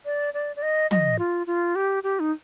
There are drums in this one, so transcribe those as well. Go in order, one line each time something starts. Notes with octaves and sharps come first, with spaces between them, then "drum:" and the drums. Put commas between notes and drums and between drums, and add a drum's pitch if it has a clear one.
D5
D5
D5
D#5
D#5, drum: tom
F4
F4
G4
G4
D#4